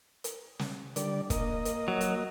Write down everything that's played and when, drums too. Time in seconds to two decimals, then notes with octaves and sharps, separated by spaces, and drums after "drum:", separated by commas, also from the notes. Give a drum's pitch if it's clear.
0.24 drum: hi-hat
0.59 drum: snare
0.96 D3 G3 D5, drum: hi-hat
1.30 A#3 D#5, drum: kick, hi-hat
1.65 drum: hi-hat
1.88 F#3
2.01 drum: hi-hat